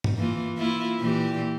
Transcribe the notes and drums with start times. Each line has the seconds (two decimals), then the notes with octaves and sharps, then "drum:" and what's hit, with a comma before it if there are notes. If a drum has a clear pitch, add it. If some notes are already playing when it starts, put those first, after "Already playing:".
0.04 drum: tom
0.17 E3 A#3 F4
0.58 A#3 E4 F4
0.98 A#2 E3 G4